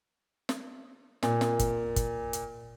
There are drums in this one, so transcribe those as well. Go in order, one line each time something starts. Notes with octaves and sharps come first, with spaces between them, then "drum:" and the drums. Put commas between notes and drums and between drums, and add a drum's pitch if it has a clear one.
drum: snare
A#2, drum: snare
drum: snare
drum: kick G1, hi-hat
drum: kick G1, hi-hat
drum: hi-hat